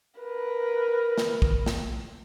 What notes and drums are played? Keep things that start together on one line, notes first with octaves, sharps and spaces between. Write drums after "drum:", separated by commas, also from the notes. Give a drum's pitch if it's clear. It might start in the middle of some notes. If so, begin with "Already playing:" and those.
A#4 B4
drum: snare
drum: kick
drum: snare